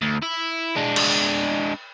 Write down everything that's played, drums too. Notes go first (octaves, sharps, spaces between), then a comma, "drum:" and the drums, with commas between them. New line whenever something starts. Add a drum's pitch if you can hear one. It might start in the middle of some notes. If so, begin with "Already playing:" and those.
D2
E4
G#3 D4
drum: cymbal